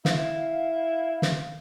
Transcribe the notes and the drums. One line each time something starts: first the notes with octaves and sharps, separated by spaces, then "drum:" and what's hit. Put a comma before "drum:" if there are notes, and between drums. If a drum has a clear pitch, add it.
E4 F5, drum: snare
drum: snare